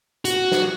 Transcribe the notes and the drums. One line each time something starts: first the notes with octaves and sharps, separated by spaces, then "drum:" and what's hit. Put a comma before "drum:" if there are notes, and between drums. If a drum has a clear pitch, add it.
F#4, drum: hi-hat
drum: snare